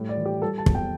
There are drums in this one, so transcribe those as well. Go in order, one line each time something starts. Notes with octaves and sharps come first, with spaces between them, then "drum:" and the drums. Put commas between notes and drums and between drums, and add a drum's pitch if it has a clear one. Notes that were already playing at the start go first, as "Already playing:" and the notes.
Already playing: A2 G3
D5
E3
G4
G3 A4
A5
E2, drum: kick
G5